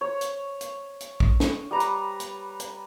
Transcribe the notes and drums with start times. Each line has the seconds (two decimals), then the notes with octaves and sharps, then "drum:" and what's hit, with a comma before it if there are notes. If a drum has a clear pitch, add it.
0.01 C#5
0.21 drum: hi-hat
0.61 drum: hi-hat
1.00 drum: hi-hat
1.20 drum: kick
1.40 drum: snare
1.71 G3 B4 A#5
1.80 drum: hi-hat
2.20 drum: hi-hat
2.60 drum: hi-hat